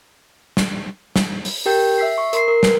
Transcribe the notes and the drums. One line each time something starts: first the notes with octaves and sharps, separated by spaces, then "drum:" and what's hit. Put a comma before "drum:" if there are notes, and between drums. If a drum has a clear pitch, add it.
drum: snare
drum: snare
drum: open hi-hat
G4 A#4 G5 G6
E5 E6 B6 C7
C#6
A#4 C6 C7, drum: hi-hat
A#4
B4, drum: snare